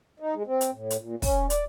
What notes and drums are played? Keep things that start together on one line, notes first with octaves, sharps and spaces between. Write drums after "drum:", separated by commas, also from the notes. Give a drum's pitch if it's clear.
D#4
G#3
C4
drum: hi-hat
A2
drum: hi-hat
A#2
C#4, drum: kick, open hi-hat
D5, drum: hi-hat